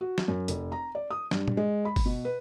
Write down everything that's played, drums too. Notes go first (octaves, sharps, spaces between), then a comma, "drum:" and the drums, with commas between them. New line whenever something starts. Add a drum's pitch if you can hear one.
F#4
drum: snare
F#2
F1, drum: hi-hat
A#5
D5
D#6
G2, drum: snare
drum: tom
G#3
B5
drum: kick, open hi-hat
B2
B4